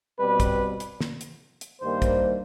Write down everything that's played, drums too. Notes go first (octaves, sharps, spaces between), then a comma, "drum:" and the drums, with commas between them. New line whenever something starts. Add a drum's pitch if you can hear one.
B2 G3 C4 B4
drum: kick, hi-hat
drum: hi-hat
drum: snare
drum: hi-hat
drum: hi-hat
G2 D#3 G3 A#3 C5
drum: kick, hi-hat